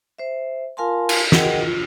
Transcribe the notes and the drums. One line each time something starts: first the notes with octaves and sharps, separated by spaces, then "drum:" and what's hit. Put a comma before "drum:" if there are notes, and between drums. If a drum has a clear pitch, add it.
C5 E5
F4 A#4 F5 G#5 A5 C6
drum: cymbal
F#4 G#4 A#4 D#5 F#5 G5, drum: snare
F4